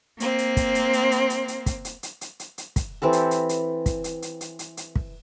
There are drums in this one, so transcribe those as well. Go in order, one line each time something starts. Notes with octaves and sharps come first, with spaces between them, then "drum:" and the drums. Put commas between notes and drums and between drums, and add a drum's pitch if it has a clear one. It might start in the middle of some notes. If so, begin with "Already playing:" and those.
A#3 C4, drum: hi-hat
drum: hi-hat
drum: kick, hi-hat
drum: hi-hat
drum: hi-hat
drum: hi-hat
drum: hi-hat
drum: hi-hat
drum: kick, hi-hat
drum: hi-hat
drum: hi-hat
drum: hi-hat
drum: hi-hat
drum: hi-hat
drum: kick, hi-hat
E3 C4 G4 A4
drum: hi-hat
drum: hi-hat
drum: hi-hat
drum: kick, hi-hat
drum: hi-hat
drum: hi-hat
drum: hi-hat
drum: hi-hat
drum: hi-hat
drum: kick